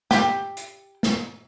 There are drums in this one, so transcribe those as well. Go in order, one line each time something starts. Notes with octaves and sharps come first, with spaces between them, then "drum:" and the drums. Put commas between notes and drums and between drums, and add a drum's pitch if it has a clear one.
G4, drum: snare
drum: hi-hat
drum: snare